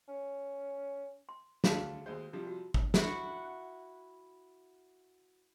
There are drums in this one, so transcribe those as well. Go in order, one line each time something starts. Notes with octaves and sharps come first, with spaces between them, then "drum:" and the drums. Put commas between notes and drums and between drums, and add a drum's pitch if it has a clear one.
C#4
C6
D2 F#4 G#4 F5 A5, drum: snare
D#2 G#3 C5
C3 F3 G3
F#4
drum: kick G1
E4 F#4 F#5, drum: snare